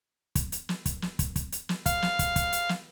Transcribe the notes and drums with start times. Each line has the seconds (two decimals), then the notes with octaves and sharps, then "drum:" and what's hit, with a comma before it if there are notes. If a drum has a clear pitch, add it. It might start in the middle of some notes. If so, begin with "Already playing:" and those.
0.35 drum: kick, hi-hat
0.52 drum: hi-hat
0.69 drum: snare
0.86 drum: kick, hi-hat
1.02 drum: snare
1.19 drum: kick, hi-hat
1.36 drum: kick, hi-hat
1.52 drum: hi-hat
1.69 drum: snare
1.86 F5, drum: kick, hi-hat
2.02 drum: snare
2.19 drum: kick, hi-hat
2.36 drum: kick, hi-hat
2.53 drum: hi-hat
2.69 drum: snare